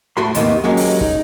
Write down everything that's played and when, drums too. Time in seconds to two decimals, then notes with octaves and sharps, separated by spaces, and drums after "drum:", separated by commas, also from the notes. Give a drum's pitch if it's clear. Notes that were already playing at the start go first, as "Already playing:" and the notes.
0.17 A2 A3 F#4 B5 C6
0.35 D#2 G#2 C3 D#3 A#3 B3, drum: hi-hat
0.64 F#3 G#3 A#3 C#4 G4
0.77 drum: open hi-hat
1.01 D#4, drum: kick